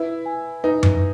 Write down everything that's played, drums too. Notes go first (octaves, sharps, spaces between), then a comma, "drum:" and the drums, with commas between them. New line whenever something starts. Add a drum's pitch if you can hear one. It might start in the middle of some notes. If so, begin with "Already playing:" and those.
Already playing: E4 B4
G#5
D#4 B4
drum: tom F#2